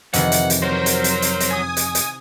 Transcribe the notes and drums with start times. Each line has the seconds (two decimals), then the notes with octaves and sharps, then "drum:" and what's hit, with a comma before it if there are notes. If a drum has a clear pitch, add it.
0.14 F2 C3 D#3 E3 F#5, drum: hi-hat
0.32 drum: hi-hat
0.50 drum: hi-hat
0.62 F#3 A#4 C5
0.86 drum: hi-hat
1.04 drum: hi-hat
1.22 drum: hi-hat
1.40 drum: hi-hat
1.51 G#5 D#6
1.77 drum: hi-hat
1.95 drum: hi-hat